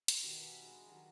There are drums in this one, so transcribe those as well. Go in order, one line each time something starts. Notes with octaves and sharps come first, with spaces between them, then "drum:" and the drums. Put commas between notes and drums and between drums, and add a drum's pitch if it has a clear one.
drum: hi-hat
B2 D#3 G4 A5
B4 E5 G#5
G#3 D4 A#5
D#3 F#3 G3